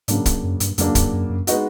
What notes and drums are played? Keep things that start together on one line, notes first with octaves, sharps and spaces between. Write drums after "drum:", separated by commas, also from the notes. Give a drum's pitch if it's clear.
G#2 C#3 F#3 A#3 D4, drum: hi-hat
drum: kick, hi-hat
F#2
G2, drum: hi-hat
F2 C#3 F#3 A#3 D4, drum: hi-hat
F2, drum: kick, hi-hat
F#2
F#2
G#3 B3 D#4 F#4, drum: hi-hat